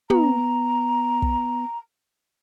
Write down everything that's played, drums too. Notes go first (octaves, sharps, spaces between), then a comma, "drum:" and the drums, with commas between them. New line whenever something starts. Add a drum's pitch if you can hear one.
B3 A#5, drum: tom
drum: kick